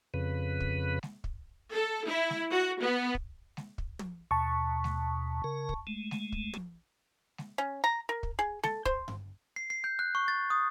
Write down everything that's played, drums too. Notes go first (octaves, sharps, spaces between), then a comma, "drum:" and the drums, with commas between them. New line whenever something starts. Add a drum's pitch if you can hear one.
F2 C#3 B4
drum: kick
drum: snare G#3
drum: kick
A4
E4
drum: snare G#3
F#4
B3
drum: kick
drum: snare G#3
drum: kick
drum: tom
D#2 B2 A5 C#6
drum: snare G#3
C#3 A#4
drum: kick
G#3 A3
drum: snare G#3
drum: kick
drum: tom
drum: snare G#3
C#4
A#5
A#4
drum: kick
G#4
A4, drum: snare G#3
C5, drum: kick
drum: tom G2
C7
C7
G6
F#6
C#6
A6
D#6